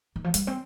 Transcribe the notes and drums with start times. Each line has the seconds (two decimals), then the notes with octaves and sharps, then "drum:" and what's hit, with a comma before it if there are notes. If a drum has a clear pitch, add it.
0.16 D#3
0.24 F3
0.34 G3, drum: hi-hat
0.47 C4